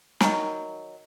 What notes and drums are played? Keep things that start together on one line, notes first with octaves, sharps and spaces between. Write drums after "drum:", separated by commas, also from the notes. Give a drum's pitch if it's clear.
D#3 F#3, drum: snare